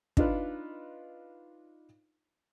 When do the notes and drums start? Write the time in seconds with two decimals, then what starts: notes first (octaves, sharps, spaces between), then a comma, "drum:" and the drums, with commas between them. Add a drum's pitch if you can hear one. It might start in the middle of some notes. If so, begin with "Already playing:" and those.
0.17 D4 D#4 F4 B4, drum: kick